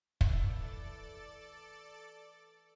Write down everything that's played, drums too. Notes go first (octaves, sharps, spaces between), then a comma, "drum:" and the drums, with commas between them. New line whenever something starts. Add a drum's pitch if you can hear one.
E3 A3 A4 D5 A6, drum: kick